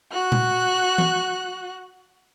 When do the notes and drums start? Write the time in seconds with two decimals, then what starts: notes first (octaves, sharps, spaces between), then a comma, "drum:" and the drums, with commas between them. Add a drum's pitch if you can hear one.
0.12 F#4 F#6
0.32 drum: tom A#2
0.98 drum: tom E3